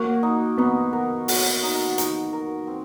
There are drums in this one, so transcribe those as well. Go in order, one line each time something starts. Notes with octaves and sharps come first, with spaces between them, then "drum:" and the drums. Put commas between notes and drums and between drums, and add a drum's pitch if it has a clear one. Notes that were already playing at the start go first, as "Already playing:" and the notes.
Already playing: A#3 F#4
D#4
B3 D#4
A#4
F#4, drum: open hi-hat
D#4
D#4, drum: hi-hat
A#4
C4